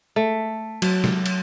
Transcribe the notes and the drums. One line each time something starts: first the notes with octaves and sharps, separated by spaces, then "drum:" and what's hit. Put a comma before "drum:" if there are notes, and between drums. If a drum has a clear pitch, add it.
A3
F#3, drum: cymbal
drum: snare
drum: cymbal